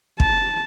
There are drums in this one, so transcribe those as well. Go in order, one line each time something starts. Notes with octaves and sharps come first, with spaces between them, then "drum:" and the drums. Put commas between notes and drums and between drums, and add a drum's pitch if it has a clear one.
A5, drum: kick